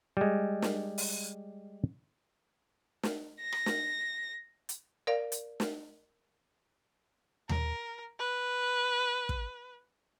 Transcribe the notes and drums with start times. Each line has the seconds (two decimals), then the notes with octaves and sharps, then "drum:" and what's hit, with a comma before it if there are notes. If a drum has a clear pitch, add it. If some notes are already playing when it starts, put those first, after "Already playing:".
0.17 G3 G#3
0.62 drum: snare
0.98 drum: open hi-hat
3.03 drum: snare
3.42 A#6
3.52 drum: rim click
3.66 drum: snare
4.69 drum: hi-hat
5.07 A#4 D5 F5
5.32 drum: hi-hat
5.60 drum: snare
7.49 A#4, drum: tom D#2
8.19 B4
9.29 drum: kick